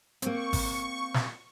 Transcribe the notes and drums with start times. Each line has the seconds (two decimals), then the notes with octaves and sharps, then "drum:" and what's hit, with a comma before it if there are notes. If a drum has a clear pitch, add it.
0.22 A#3 C4 C#6, drum: hi-hat
0.53 drum: kick G#1, open hi-hat
1.14 drum: snare